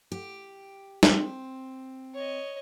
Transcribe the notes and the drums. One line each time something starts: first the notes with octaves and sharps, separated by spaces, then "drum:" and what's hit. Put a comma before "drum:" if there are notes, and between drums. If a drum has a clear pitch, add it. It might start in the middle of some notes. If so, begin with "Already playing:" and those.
G4
C4, drum: snare
C#5 D#5